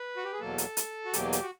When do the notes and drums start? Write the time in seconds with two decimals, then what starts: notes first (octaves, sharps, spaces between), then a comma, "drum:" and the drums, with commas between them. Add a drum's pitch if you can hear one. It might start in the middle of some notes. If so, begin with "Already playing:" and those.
Already playing: B4
0.17 F#4
0.25 G4
0.32 G#4
0.40 E2 B2 F#3 A#3 A4
0.58 drum: hi-hat
0.77 drum: hi-hat
1.05 F#4
1.13 E2 B2 F#3 A#3 G4, drum: hi-hat
1.33 G4, drum: hi-hat
1.42 F#4